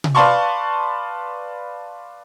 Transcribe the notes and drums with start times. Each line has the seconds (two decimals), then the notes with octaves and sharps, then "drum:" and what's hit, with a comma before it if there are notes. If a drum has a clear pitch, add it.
0.04 drum: tom C3
0.15 B4 D5 F5 A5 C6 C#6